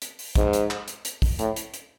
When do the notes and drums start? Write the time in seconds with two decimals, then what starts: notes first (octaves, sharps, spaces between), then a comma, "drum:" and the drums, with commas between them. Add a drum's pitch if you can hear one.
0.02 drum: hi-hat
0.19 drum: open hi-hat
0.35 G#2, drum: kick A#1, hi-hat
0.53 drum: hi-hat
0.70 drum: clap
0.88 drum: hi-hat
1.05 drum: hi-hat
1.22 drum: kick A#1, open hi-hat
1.39 A2, drum: hi-hat
1.56 drum: hi-hat
1.74 drum: hi-hat